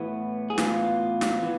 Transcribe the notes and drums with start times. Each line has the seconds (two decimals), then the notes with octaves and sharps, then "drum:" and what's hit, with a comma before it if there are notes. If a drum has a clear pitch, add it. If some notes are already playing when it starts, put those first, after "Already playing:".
Already playing: A2 E3 B3
0.50 G#4
0.58 A2 E3 B3 F4, drum: snare
1.21 drum: snare
1.43 E3 B3